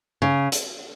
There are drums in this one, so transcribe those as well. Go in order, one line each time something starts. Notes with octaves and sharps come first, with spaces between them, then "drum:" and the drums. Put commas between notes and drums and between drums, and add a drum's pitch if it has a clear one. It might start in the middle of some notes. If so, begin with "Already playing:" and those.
C#3
drum: hi-hat